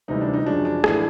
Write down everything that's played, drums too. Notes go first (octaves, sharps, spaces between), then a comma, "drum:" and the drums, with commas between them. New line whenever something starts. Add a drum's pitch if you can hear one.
D2 C3 E3 G3 D#4
D4
D#4
F#2 C#3 F3 D4
D4
A2 E3 G#3, drum: rim click